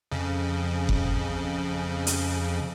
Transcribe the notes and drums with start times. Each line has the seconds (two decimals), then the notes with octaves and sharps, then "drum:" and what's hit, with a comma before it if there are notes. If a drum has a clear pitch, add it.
0.11 F2 C#3
0.89 drum: kick F#1
2.07 drum: hi-hat